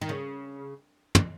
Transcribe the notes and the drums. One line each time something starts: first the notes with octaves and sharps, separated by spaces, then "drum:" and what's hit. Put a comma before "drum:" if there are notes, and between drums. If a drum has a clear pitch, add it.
D#3
C#3
drum: tom